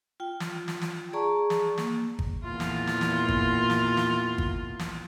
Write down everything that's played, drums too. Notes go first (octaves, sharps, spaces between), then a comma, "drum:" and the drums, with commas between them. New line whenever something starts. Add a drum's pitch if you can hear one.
F4 G5
drum: snare
drum: snare
drum: snare
G#4 D5 A5 A#5 C#6
drum: snare
A#3, drum: snare
drum: kick G#1
E2 A#2 F4
drum: snare
drum: snare
drum: snare
drum: kick G#1
drum: snare
drum: snare
drum: kick G#1
drum: snare